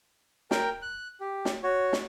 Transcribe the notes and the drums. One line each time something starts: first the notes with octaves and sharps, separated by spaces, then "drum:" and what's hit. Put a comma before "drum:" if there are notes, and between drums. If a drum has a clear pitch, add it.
A#4 G5, drum: snare
F#6
G4
drum: snare
F#4 C#5
drum: snare